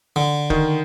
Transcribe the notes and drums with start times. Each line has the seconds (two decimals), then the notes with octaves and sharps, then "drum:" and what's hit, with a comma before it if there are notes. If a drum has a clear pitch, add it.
0.16 D3
0.50 D#3, drum: kick